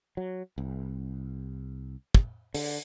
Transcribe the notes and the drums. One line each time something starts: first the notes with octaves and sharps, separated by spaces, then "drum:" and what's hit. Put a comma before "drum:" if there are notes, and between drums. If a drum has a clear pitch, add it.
F#3
C2
drum: kick
D3, drum: open hi-hat